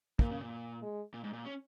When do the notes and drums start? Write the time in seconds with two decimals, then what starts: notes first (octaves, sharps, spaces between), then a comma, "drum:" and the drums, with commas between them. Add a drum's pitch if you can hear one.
0.19 A#2 A#3, drum: kick
0.30 C#3
0.41 A#2
0.83 G#3
1.14 A#2
1.24 G#2
1.33 A#2
1.45 C#4